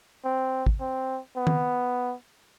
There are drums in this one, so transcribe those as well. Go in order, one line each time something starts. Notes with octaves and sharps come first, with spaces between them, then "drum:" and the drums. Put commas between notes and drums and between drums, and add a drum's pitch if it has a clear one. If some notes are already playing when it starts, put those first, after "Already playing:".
C4
drum: kick
C4
B3
drum: tom D#3